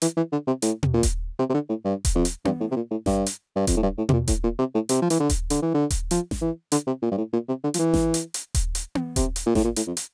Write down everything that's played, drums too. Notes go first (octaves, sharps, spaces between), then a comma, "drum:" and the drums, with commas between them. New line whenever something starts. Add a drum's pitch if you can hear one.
E3, drum: hi-hat
E3
D3
C3
A2, drum: hi-hat
drum: tom B2
A#2
drum: kick D#1, hi-hat
C3
C3
D3
A2
G2
drum: kick D#1, hi-hat
F2
drum: hi-hat
G2, drum: tom B3
A2
C3
A#2
A2
G2, drum: snare G#1
drum: hi-hat
G2
F2, drum: kick D#1, hi-hat
A2
G2
A2
C3, drum: tom B2
A#2
A2, drum: kick D#1, hi-hat
A#2
C3
A2
C3, drum: hi-hat
F3
E3, drum: hi-hat
D3
drum: kick D#1, hi-hat
D3, drum: hi-hat
E3
D3
drum: kick D#1, hi-hat
F3, drum: hi-hat
drum: snare G#1
E3
D3, drum: hi-hat
C3
A#2
G2
A2
A#2
C3
D3
F3, drum: hi-hat
E3
drum: snare G#1
drum: hi-hat
drum: hi-hat
drum: kick D#1, hi-hat
drum: hi-hat
drum: tom B3
C3, drum: kick D#1, hi-hat
drum: hi-hat
A#2
A2, drum: snare G#1
A#2
A2, drum: hi-hat
F2
drum: hi-hat